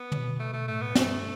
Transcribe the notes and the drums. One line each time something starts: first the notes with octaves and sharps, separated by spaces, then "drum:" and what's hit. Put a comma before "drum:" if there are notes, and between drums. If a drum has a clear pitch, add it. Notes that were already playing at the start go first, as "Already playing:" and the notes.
Already playing: B3
B2, drum: tom
A3
A3
A2 A3
B3
G2 A3, drum: snare